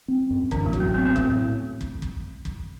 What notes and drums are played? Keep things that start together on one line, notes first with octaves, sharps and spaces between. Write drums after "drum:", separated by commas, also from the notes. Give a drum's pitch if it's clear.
C4
F#2
A1 D3 D4, drum: kick
A3
F#3, drum: kick
B3
A1 C4
C4
A2 A3, drum: kick
drum: kick
drum: kick
drum: kick